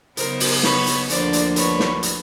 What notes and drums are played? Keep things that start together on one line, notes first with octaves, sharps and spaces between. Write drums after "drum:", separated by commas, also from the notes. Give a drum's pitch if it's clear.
C#3 F#3 B3 D#4 A#4 C5, drum: hi-hat
drum: open hi-hat
B4 C#5, drum: snare
drum: hi-hat
D2 D3 F3 A#3 D4 C5 D5, drum: hi-hat
drum: hi-hat
B4 C#5, drum: hi-hat
drum: snare
drum: hi-hat